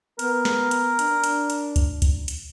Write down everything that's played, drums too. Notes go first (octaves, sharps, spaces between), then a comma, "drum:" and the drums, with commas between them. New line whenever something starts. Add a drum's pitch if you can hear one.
B3 A#4, drum: hi-hat
drum: snare
drum: hi-hat
D4, drum: hi-hat
drum: hi-hat
drum: hi-hat
drum: kick C#2, hi-hat
drum: kick C#2, hi-hat
drum: hi-hat